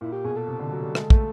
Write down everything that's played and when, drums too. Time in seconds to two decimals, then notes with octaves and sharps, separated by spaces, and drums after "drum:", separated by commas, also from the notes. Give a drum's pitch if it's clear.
0.01 A#2 E4
0.12 G4
0.24 B2 G#4
0.37 A4
0.47 C3
0.59 D3
0.72 F#3
0.83 G3
0.95 G#3, drum: rim click
1.10 A3, drum: kick